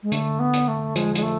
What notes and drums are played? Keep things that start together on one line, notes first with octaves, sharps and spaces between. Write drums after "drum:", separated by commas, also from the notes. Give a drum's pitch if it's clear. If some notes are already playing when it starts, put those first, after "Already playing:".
G#3
D3 A3, drum: hi-hat
B3
drum: hi-hat
A3
F3 G#3, drum: hi-hat
G#3, drum: hi-hat
A3